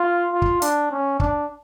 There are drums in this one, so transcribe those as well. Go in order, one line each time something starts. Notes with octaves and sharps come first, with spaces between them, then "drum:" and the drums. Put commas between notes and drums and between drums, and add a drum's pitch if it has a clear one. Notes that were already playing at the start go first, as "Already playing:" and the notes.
Already playing: F4
F4
drum: kick
D4, drum: hi-hat
C#4
D4, drum: kick